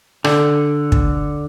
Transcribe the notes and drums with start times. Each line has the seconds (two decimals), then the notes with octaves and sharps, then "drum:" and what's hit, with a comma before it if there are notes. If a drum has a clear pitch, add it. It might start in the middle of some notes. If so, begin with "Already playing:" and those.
0.24 D3, drum: rim click
0.92 drum: kick